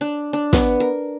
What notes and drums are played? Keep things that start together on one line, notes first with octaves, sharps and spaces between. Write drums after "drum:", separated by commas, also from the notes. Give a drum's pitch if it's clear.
D4
D4
B3, drum: snare
A#4